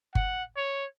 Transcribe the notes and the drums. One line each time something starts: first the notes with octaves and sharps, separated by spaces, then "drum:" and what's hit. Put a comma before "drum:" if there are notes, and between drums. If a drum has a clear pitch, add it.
F#5, drum: kick G1
C#5